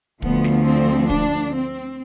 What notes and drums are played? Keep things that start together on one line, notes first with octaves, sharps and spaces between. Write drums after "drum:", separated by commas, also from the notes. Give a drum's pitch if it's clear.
D2 D3 F3 B3, drum: kick
drum: snare
C4
D4, drum: kick
C4